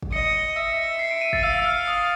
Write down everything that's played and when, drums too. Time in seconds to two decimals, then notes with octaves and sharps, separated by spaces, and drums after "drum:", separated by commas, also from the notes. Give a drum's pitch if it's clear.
0.03 drum: kick
0.12 D#5 C#7
0.56 E5
0.99 C7
1.11 D7
1.21 D#7
1.33 A6, drum: kick
1.44 F5 E6
1.65 F6
1.87 D#6